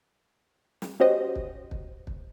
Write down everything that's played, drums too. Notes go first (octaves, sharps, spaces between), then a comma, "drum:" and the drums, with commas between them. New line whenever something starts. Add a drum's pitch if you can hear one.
drum: snare
C#4 F#4 G4 C5 D#5
drum: kick
drum: kick
drum: kick